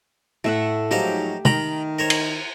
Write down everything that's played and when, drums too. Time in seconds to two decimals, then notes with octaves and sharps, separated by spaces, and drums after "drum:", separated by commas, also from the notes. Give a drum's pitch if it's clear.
0.44 A2 A3 E5 F#5
0.91 G#2 F3 F#3 D#4 G4 C5 F5
1.45 D#3 G5 A#5 B5, drum: tom
1.99 A#4 C5 C#5
2.10 drum: cymbal